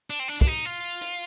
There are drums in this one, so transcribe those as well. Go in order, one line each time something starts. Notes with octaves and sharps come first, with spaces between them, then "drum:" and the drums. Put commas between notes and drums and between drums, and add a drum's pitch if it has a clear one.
D4
C4
D4
D4, drum: kick
D#4
F4
drum: hi-hat